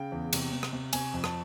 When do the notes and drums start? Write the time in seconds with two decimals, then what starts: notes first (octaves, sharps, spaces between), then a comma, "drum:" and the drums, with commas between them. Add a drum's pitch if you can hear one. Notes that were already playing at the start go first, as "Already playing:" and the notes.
Already playing: C#3 G5
0.12 E2
0.33 C3, drum: cymbal
0.53 C3
0.63 drum: rim click
0.73 C3
0.93 C3 G#5, drum: cymbal
1.13 F2
1.24 A5, drum: rim click